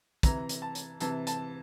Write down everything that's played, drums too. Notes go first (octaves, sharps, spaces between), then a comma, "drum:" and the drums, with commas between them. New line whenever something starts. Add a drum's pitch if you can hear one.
C3 E3 A#5, drum: kick, hi-hat
drum: hi-hat
A5
drum: hi-hat
C3 E3 A5, drum: hi-hat
A5, drum: hi-hat